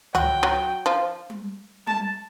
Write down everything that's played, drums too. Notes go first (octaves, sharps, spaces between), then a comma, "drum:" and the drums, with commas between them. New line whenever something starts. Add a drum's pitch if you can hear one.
F#3 F#4 G5, drum: tom C#2
F#3 F#4
F3 F4
drum: tom G3
A5, drum: tom G3